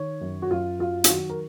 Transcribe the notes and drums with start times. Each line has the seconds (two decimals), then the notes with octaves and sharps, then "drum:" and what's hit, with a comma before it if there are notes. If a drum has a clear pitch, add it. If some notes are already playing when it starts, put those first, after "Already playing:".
Already playing: D#3 C#5
0.21 F#2
0.42 F#4
0.51 F#2 F4
0.79 F#3 F4
1.04 F4, drum: hi-hat
1.08 D#3 F#4
1.30 A#4